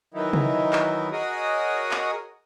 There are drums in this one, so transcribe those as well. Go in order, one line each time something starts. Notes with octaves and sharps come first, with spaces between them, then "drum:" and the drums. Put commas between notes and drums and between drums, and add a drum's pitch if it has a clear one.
D#3 E3 F#3 D#4 E4
drum: tom C3
drum: clap
F#4 G#4 A#4 C#5 D#5 D#6
drum: clap